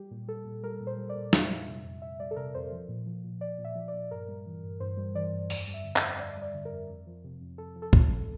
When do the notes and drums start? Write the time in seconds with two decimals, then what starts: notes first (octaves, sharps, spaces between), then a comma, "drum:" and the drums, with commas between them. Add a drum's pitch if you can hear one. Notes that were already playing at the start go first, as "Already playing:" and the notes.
Already playing: G3 G4
0.11 A#2
0.28 G3 A4
0.45 A#2
0.63 G3 A#4
0.81 A#2
0.87 C5
0.98 G3
1.09 D5
1.15 A#2
1.33 F2 E5, drum: snare
1.49 G3
1.68 C3
1.84 F2
2.02 F2 E5
2.20 G3 D5
2.31 A4
2.36 C3 A#4
2.54 F2 C5
2.72 F3
2.89 A#2
3.06 F3
3.24 A#2
3.41 F3 D5
3.58 A#2
3.64 E5
3.75 F3
3.88 D5
3.93 A#2
4.11 G2 A#4
4.28 G3
4.46 E3
4.63 G2
4.80 G2 C5
4.97 G3
5.15 E3 D5
5.32 G2
5.50 F2 D5, drum: open hi-hat
5.68 G3
5.74 E5
5.84 D3
5.96 E5, drum: clap
6.03 F2
6.19 F2 D5
6.37 G3 D5
6.54 D3
6.65 A#4
6.72 F2
6.90 F2
7.07 F3
7.24 C3
7.41 F2
7.58 F2 A4
7.75 F3
7.82 A4
7.93 C3, drum: kick
8.10 F2